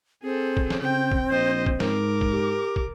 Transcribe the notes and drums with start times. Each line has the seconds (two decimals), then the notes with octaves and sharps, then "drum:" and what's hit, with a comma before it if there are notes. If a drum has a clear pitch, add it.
0.23 C4 G#4 A4
0.57 drum: kick
0.70 drum: snare
0.81 C#3 C4 G5
1.12 drum: kick
1.31 A#1 C5 D#5
1.66 drum: kick
1.80 G#2 A#4 D6, drum: snare
2.21 drum: kick
2.31 G4
2.76 drum: kick